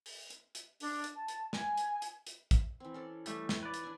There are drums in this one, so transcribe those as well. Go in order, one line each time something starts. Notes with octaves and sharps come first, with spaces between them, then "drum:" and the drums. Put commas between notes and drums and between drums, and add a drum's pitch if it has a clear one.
drum: open hi-hat
drum: hi-hat
drum: hi-hat
D4, drum: open hi-hat
drum: hi-hat
A5
drum: hi-hat
G#5, drum: snare
drum: hi-hat
drum: hi-hat
drum: hi-hat
drum: kick, hi-hat
E3 C4
C#4 A4 D5
E3 G3 A3, drum: hi-hat
drum: snare
B4 D5
drum: hi-hat
D4 E4 G#5